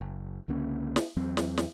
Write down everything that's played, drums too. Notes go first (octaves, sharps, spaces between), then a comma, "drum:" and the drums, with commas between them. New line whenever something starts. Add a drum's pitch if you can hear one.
F#1
C#2 D3 A#3 C#4
drum: snare
E2 F#3 C4
drum: snare
drum: snare